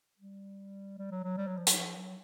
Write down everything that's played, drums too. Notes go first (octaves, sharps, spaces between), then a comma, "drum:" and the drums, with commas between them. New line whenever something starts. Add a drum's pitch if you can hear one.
G3
G3
F#3
F#3
G3
F#3
F3
F#3, drum: hi-hat
F3
F#3